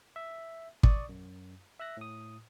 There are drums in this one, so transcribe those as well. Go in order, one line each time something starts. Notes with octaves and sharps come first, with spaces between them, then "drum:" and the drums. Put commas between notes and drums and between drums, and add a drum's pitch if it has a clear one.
E5
D5 C#6 D#6, drum: kick
F#2
E5 E6 F#6 A#6
A2 D#6